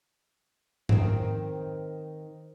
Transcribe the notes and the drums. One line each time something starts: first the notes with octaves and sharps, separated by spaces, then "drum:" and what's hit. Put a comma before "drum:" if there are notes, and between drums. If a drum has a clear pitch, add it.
D#3 C4, drum: tom G#2